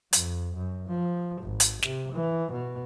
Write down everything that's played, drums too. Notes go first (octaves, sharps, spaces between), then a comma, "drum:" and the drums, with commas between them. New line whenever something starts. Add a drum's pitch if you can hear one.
F2, drum: hi-hat
F#2
F3
G#1
drum: hi-hat
C3, drum: snare
E3
B2